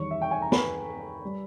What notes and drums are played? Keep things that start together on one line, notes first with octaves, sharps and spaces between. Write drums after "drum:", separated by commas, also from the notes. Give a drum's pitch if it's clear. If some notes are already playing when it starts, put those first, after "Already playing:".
Already playing: E2 D#3 G3 C#5 C#6
E5
G5
G#5
A#5
B4 B5, drum: snare
G3